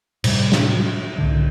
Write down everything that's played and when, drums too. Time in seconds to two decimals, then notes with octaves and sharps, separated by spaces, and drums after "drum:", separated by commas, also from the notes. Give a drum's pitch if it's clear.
0.24 A2 C3 G3, drum: cymbal
0.52 drum: snare
1.18 C2 A2 D3